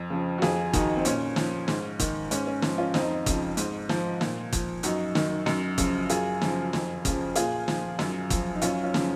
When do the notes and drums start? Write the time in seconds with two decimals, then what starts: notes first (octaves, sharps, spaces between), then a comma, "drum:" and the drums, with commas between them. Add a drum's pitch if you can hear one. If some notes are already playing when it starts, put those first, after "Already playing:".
Already playing: F2
0.10 C#3 F3
0.38 F#4
0.42 F2 F4 G#4, drum: snare
0.73 D#3 D#4 F#4, drum: kick F#1, hi-hat
0.97 C4
1.05 A#2 C#4, drum: hi-hat
1.36 F3, drum: snare
1.68 G#2, drum: snare
2.00 D#3, drum: kick F#1, hi-hat
2.31 G#2 C#4, drum: hi-hat
2.47 C#4
2.62 F3 C#4, drum: snare
2.78 C#4 F4
2.94 F2 C4 D#4, drum: snare
3.26 C#3 F3, drum: kick F#1, hi-hat
3.57 G#2, drum: hi-hat
3.89 F3, drum: snare
4.21 A#2, drum: snare
4.53 F3, drum: kick F#1, hi-hat
4.83 F#2 D#4 F#4, drum: hi-hat
5.15 D#3, drum: snare
5.46 F#2, drum: snare
5.78 C#3 F3, drum: kick F#1, hi-hat
6.10 F#2 F4 G#4, drum: hi-hat
6.41 C#3 F3, drum: snare
6.73 F2, drum: snare
7.05 C#3 F3, drum: kick F#1, hi-hat
7.36 A#2 F4 G#4, drum: hi-hat
7.68 F3, drum: snare
7.99 F#2, drum: snare
8.30 F3, drum: kick F#1, hi-hat
8.55 D#4
8.62 F#2 C#4 F4, drum: hi-hat
8.83 C#4 F4
8.94 C#3 F3, drum: snare